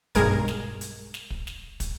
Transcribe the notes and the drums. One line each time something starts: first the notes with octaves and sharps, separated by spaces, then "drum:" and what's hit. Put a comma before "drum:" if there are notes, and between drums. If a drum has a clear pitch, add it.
B1 G2 G#3 A#4 G#6, drum: kick, hi-hat
drum: snare
drum: hi-hat
drum: snare
drum: kick
drum: snare
drum: kick, hi-hat